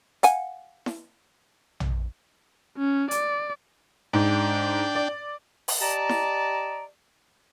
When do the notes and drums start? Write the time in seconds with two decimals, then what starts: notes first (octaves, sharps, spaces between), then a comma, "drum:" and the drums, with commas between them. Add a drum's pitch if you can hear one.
0.23 F5 F#5 G#5, drum: hi-hat
0.86 drum: snare E4
1.80 drum: tom
2.77 C#4
3.11 D5, drum: hi-hat
4.13 G#2 D4 G5
4.95 D5
5.68 drum: open hi-hat
5.81 G4 D5 D#5 A5 A#5
6.09 drum: snare E4